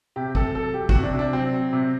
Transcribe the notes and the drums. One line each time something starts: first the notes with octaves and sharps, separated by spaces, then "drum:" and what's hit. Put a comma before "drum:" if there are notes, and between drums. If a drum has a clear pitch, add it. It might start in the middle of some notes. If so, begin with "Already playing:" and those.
C3 G4
C3 A4, drum: kick
F#3 A4
F#3 G4
F#4, drum: kick
C3
D4
C3
D4
F#3 C4
F#3
C3